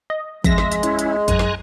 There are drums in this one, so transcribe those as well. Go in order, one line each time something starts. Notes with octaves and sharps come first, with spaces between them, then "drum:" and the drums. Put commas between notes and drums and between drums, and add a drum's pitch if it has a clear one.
D#5
F2 G#3 E5 A#6, drum: kick, hi-hat
drum: snare
drum: hi-hat
C#4 E4, drum: hi-hat
drum: hi-hat
F#2 G#5 A#5 F#6, drum: kick, hi-hat
drum: snare